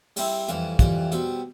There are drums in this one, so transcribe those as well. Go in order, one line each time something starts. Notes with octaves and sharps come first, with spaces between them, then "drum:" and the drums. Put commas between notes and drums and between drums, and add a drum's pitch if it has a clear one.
G3 C4 E4, drum: open hi-hat
F2 E3 G3, drum: hi-hat
F2 E3 G3, drum: kick, hi-hat
B2 G3 C4, drum: hi-hat